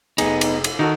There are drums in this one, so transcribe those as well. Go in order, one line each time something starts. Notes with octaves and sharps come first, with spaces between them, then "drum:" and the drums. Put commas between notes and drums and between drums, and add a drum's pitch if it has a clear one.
F1 B3 D#4 G#4, drum: cymbal
drum: cymbal
drum: cymbal
D#3 D#4 F#4 A4